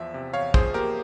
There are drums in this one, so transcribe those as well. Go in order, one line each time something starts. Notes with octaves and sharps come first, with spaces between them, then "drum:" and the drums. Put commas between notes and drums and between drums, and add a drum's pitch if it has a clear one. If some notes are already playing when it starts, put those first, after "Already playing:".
Already playing: E2 F3 E5
C3
E2 C#5 F5
F3 G#4 C5, drum: kick
A#3 G4 A#4